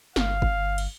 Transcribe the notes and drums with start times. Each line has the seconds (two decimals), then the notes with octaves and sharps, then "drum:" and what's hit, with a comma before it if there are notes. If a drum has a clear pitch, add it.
0.16 G1 F5, drum: snare
0.42 drum: kick G1
0.78 drum: cymbal